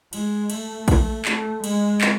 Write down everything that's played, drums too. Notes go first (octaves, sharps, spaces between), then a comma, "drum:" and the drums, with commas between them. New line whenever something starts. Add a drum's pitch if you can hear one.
G#3, drum: cymbal
A3, drum: cymbal
drum: kick, cymbal
A3, drum: clap
G#3, drum: cymbal
drum: clap